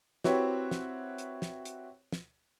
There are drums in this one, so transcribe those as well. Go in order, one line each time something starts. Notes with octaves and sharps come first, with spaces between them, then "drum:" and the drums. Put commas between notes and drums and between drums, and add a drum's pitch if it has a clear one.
C4 E4 F#4 G4 B4 C#5, drum: snare
drum: snare
drum: hi-hat
drum: snare
drum: hi-hat
drum: snare